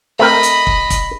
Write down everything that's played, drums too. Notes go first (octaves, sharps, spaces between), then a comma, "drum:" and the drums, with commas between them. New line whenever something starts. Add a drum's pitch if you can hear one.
A3 C4 A#4 D#5 B5
drum: hi-hat
drum: kick
drum: kick, hi-hat